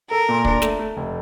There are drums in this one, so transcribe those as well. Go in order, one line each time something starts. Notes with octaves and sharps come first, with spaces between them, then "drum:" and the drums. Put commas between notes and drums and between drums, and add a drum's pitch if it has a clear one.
A4 A#4
A#2
D4, drum: kick
A3, drum: snare
A3
F1